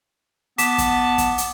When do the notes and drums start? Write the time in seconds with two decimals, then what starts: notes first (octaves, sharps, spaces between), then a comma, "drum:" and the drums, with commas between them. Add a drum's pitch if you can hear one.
0.58 B3 A5 D6 B6 E7, drum: hi-hat
0.78 drum: kick, hi-hat
1.18 drum: kick, hi-hat
1.38 drum: hi-hat